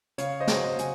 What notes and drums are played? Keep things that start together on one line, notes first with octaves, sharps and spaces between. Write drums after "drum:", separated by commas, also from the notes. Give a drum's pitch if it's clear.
C#3 C#5 F5, drum: hi-hat
C5 D#5
F#3, drum: snare
C5 D#5
C#3 G#5, drum: hi-hat